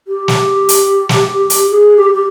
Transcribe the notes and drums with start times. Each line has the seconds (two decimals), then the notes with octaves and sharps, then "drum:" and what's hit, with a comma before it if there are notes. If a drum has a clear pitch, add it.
0.08 G4
0.28 drum: snare
0.69 drum: hi-hat
1.09 drum: snare
1.50 drum: hi-hat
1.70 G#4
1.97 G4
2.15 G4